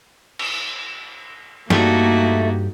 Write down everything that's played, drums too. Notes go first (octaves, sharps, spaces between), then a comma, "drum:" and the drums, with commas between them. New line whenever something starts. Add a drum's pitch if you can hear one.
drum: cymbal
G2 A3 A#3 D#4 F#4 G4, drum: snare